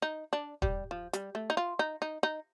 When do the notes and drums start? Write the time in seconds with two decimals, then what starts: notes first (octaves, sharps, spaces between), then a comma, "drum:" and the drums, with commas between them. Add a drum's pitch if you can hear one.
0.02 D#4
0.33 D4
0.62 G3, drum: kick
0.91 F3
1.13 G3, drum: hi-hat
1.35 A3
1.50 D#4
1.57 F4
1.79 D#4
2.02 D#4
2.23 D#4